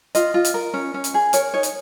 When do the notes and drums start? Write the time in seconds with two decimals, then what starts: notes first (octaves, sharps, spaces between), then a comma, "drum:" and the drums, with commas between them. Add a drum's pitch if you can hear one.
0.15 F4 D#5, drum: hi-hat
0.34 F4
0.45 drum: hi-hat
0.54 A#4
0.74 C#4
0.94 C#4
1.04 drum: hi-hat
1.14 G#4
1.33 A#4 C#5, drum: hi-hat
1.54 D#4 C#5
1.63 drum: hi-hat